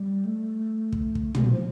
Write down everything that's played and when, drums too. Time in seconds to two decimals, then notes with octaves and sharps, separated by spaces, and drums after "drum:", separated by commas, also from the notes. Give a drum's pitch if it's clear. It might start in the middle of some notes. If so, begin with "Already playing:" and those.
Already playing: G3
0.25 A3
0.92 drum: kick
1.15 drum: kick
1.35 A3, drum: tom
1.43 G3
1.50 F3